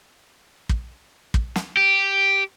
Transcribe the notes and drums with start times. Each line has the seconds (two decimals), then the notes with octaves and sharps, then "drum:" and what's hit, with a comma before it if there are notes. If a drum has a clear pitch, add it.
0.69 drum: kick
1.34 drum: kick
1.56 drum: snare
1.77 G4